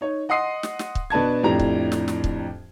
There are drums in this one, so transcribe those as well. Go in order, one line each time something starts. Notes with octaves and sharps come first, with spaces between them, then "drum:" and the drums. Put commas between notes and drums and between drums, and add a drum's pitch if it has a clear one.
D#4 C#5
D#5 F#5 C6 D#6 C7
drum: snare
drum: snare
drum: kick C#1
B2 D4 B4 A5 G#6
F2 A2 D4 G4 A#5
drum: kick C#1
drum: snare
drum: snare
drum: kick C#1